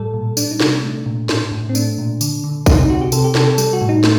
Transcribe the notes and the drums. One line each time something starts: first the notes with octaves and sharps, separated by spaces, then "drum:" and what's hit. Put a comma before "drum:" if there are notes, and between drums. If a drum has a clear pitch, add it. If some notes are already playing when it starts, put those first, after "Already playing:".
Already playing: A2 G3 A4
A#2
G3 D4, drum: tambourine
D#4
C3 D4, drum: snare
A3
A#2
A2, drum: snare
A2
C4
A3 D4, drum: tambourine
A#2
D3, drum: tambourine
D3
C3 D#4, drum: kick, tambourine
D#4
C3 F#4
G4
C3 A4, drum: tambourine
G4
C3 A4, drum: snare
A4
G3 A4, drum: tambourine
F#4
A2
D#4
A3, drum: snare